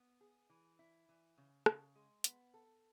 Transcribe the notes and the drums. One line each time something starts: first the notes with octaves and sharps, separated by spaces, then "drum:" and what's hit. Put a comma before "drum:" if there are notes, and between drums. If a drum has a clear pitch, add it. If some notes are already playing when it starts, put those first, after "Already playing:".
Already playing: B3
G#4
E3
E4
E3
C#3
C#3, drum: rim click
G#3
B3, drum: hi-hat
A4